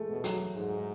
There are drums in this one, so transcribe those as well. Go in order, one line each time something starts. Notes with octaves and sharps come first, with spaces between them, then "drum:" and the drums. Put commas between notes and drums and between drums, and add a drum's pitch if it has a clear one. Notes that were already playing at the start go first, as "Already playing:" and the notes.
Already playing: G#3 A3
B2
F#3, drum: hi-hat
G#2 G#3